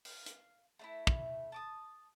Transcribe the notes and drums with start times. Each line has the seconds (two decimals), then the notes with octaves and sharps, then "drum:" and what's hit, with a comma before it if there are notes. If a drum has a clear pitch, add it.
0.05 F5, drum: open hi-hat
0.26 drum: hi-hat
0.79 A3 D4 E4
1.07 drum: kick
1.52 A5 D6 D#6